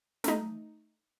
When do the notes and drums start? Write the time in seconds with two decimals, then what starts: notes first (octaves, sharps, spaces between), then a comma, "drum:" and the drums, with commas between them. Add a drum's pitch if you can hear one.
0.24 A3 D#4, drum: snare